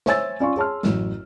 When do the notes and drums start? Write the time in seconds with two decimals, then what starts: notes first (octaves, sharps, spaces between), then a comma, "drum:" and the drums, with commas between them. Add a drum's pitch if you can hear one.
0.06 C5 C#5 E5 G#5 E6 A6, drum: snare
0.40 C#4 F4 D5 F5 C6 C#6
0.56 G#4 C#5 A5 C6 F6
0.83 A1 F#2, drum: snare